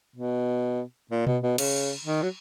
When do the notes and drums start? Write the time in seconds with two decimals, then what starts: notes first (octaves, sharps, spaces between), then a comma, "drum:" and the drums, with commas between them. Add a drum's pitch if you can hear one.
0.16 B2
1.11 A#2
1.27 B2, drum: tom B2
1.43 B2
1.58 C#3, drum: cymbal
2.04 D#3
2.22 F#3